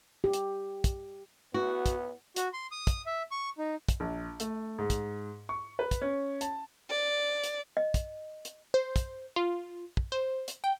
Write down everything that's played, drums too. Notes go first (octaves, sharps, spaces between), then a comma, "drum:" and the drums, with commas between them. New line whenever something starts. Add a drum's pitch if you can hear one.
G4
drum: hi-hat
drum: kick, hi-hat
B3 F#4
drum: kick, hi-hat
F#4, drum: hi-hat
C6
D#6
drum: kick, hi-hat
E5
C#6
D#4
drum: kick, hi-hat
A#1
A3, drum: hi-hat
G#2
drum: kick, hi-hat
C#6
B4
drum: kick, hi-hat
C#4
A5, drum: hi-hat
D5
drum: hi-hat
D#5
drum: kick, hi-hat
drum: hi-hat
C5
drum: kick, hi-hat
F4
drum: kick
C5
drum: hi-hat
G5